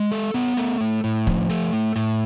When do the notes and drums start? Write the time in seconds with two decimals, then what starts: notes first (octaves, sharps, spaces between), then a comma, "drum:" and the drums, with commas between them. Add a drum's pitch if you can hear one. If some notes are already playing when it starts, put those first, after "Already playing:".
Already playing: G#3
0.11 A4
0.34 B3
0.57 A3, drum: hi-hat
0.81 A2
1.04 A2
1.27 F3, drum: kick
1.49 A3, drum: hi-hat
1.73 A2
1.96 A2, drum: hi-hat